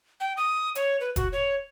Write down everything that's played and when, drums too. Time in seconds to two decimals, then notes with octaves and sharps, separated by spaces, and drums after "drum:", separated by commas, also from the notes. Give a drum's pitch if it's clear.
0.20 G5
0.37 D#6
0.75 C#5, drum: hi-hat
1.00 B4
1.16 F#4, drum: kick F1, hi-hat
1.32 C#5